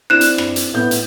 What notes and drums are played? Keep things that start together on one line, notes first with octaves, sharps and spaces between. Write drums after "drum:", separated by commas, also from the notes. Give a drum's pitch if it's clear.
C4 D4 E4 F#6 E7
drum: hi-hat
drum: rim click
drum: hi-hat
A2 B3 G6
drum: hi-hat